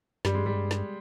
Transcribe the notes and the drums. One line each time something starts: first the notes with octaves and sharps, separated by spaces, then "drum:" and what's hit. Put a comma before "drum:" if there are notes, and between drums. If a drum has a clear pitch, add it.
G2 G3, drum: snare
G#3
G#2 G3
G2
drum: snare